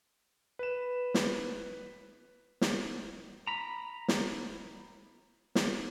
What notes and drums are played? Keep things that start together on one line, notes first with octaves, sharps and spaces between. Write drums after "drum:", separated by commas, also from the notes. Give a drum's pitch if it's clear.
B4 E7
drum: snare
drum: snare
A#5 B5
drum: snare
drum: snare